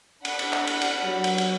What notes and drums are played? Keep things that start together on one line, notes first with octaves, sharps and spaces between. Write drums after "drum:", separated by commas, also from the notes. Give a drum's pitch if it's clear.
D4 F#5 B5, drum: cymbal
drum: cymbal
drum: clap
drum: cymbal
drum: cymbal
F#3
drum: cymbal
drum: cymbal